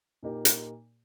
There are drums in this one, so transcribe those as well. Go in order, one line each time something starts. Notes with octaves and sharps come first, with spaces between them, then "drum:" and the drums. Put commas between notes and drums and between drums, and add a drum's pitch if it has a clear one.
A#2 A#3 D#4 G4 A#4
drum: hi-hat